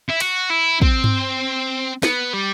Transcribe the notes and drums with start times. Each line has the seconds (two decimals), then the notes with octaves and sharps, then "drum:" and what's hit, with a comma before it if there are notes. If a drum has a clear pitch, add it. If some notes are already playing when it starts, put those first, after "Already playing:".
0.09 E4
0.20 F#4, drum: cymbal
0.50 E4
0.82 C4, drum: kick
1.04 drum: tom G2
2.03 B3, drum: snare
2.34 G3